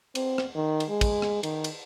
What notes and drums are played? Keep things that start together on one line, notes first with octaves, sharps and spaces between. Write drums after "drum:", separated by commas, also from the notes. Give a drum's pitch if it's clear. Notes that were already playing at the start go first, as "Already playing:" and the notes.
C4, drum: cymbal
drum: rim click
D#3
drum: cymbal
G#3
drum: kick, cymbal
drum: rim click
D#3, drum: cymbal
drum: cymbal